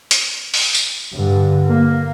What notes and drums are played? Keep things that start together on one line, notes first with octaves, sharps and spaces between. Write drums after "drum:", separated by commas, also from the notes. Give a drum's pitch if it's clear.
drum: hi-hat
drum: open hi-hat
drum: tambourine
G2 D3
A#3